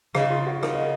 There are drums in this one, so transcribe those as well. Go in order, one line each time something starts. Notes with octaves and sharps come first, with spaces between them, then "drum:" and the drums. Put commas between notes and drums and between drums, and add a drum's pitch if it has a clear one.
C#3 D#4, drum: rim click
F4
F#4
C#3 A#4, drum: rim click
D#5